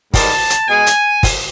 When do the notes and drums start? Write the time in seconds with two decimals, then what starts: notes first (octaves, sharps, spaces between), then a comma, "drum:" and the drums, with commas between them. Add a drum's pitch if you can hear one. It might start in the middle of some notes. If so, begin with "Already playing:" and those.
0.14 G#2 D#3 G3 A5, drum: kick, open hi-hat
0.50 drum: hi-hat
0.68 B2 G#3 G#5
0.87 drum: hi-hat
1.23 drum: kick, open hi-hat